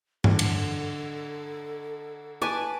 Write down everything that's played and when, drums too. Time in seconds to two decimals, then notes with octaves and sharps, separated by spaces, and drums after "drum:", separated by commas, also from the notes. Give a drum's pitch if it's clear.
0.24 D3 A4, drum: tom G2
0.39 drum: cymbal
2.41 B4 G#5 A5 D6